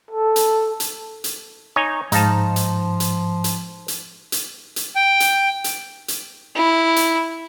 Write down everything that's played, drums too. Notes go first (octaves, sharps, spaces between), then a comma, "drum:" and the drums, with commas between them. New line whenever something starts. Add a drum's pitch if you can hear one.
A4
drum: hi-hat
drum: hi-hat
drum: hi-hat
D#4 C#5 G#5
G#2 F3 D#4 F5 A5, drum: hi-hat
drum: hi-hat
drum: hi-hat
drum: hi-hat
drum: hi-hat
drum: hi-hat
drum: hi-hat
G5
drum: hi-hat
drum: hi-hat
drum: hi-hat
E4
drum: hi-hat